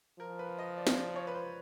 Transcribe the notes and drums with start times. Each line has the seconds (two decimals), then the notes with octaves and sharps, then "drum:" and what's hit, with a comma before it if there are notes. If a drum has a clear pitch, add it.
0.19 F3 A#4
0.39 B4
0.59 D#5
0.78 D5
0.87 drum: snare
0.96 D5
1.16 C#5
1.27 B4
1.35 C5